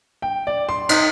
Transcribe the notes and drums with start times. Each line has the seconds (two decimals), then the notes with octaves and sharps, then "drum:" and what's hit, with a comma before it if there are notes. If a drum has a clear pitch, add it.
0.22 G5
0.47 D5
0.69 C6
0.89 D#4, drum: cymbal